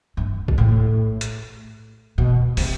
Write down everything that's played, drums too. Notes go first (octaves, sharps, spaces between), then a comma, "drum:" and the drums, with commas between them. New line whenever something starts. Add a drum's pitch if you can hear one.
G2
drum: kick A#1
A2
drum: hi-hat
B2
C3, drum: open hi-hat